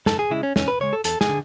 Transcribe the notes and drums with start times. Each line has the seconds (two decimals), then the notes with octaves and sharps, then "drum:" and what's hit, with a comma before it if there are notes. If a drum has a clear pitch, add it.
0.06 F#2 A4, drum: snare
0.19 G#4
0.31 C#3 G#3 E4
0.43 C#4
0.56 E2 C#4, drum: snare
0.68 B4
0.80 C#3 G#3 C#5
0.93 A4
1.04 E2 A4, drum: hi-hat
1.21 G#4, drum: snare
1.29 D3